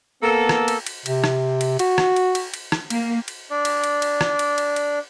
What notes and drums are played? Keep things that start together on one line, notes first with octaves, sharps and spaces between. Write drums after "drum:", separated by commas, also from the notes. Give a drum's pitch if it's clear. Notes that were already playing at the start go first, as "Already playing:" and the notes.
A#3 B3 A4
drum: rim click
drum: cymbal
drum: cymbal
C3, drum: cymbal
drum: rim click
drum: cymbal
F#4, drum: cymbal
drum: rim click
drum: cymbal
drum: cymbal
drum: cymbal
drum: rim click
A#3, drum: cymbal
drum: cymbal
D4 D5
drum: cymbal
drum: cymbal
drum: cymbal
drum: rim click
drum: cymbal
drum: cymbal
drum: cymbal